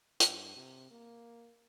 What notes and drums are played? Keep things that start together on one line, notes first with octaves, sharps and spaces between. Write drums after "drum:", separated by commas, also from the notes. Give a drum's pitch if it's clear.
G2, drum: hi-hat
C3
A#3